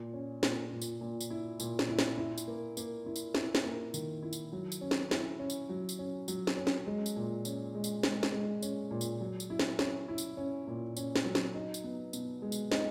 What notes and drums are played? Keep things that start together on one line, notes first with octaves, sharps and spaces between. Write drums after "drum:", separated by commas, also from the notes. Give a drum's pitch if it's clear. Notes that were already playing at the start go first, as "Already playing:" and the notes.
Already playing: A#2
C#4
A#2, drum: snare
A#2
drum: tambourine
A#2
drum: tambourine
E4
A#2, drum: tambourine
drum: snare
E4
drum: snare
E4
drum: tambourine
A#3
A#3, drum: tambourine
E4
drum: tambourine
E4, drum: snare
drum: snare
A#3
D#3, drum: tambourine
E4
drum: tambourine
F#3
drum: tambourine
C#4
drum: snare
E4, drum: snare
C#4
drum: tambourine
F#3
drum: tambourine
C#4
F#3, drum: tambourine
drum: snare
C#4
drum: snare
G#3
drum: tambourine
A#2
C#4, drum: tambourine
G#3
drum: tambourine
G#3, drum: snare
drum: snare
G#3
C#4, drum: tambourine
A#2
drum: tambourine
F#3
drum: tambourine
E4
drum: snare
C#4, drum: snare
E4
drum: tambourine
C#4
A#2
C#4, drum: tambourine
drum: snare
F#3
drum: snare
D#4
drum: tambourine
B3
B2, drum: tambourine
G#3
drum: tambourine
D#4, drum: snare